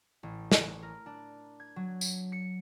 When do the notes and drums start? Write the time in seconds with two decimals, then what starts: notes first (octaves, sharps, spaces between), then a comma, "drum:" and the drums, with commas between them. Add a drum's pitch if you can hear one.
0.23 A1
0.52 drum: snare
0.83 A#4
1.06 D4
1.60 G#6
1.76 F#3
2.01 drum: tambourine
2.32 C#7